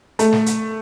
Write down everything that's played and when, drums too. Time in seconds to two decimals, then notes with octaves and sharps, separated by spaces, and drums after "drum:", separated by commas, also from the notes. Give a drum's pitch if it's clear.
0.19 A3, drum: hi-hat
0.33 drum: snare
0.46 drum: hi-hat